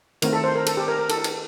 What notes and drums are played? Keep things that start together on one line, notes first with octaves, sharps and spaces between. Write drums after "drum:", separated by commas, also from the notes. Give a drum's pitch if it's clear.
D#3 A3 C4 A#4, drum: cymbal
A4
C5
A#4
A4, drum: cymbal
G4
A#4
A#4
A4, drum: cymbal
drum: cymbal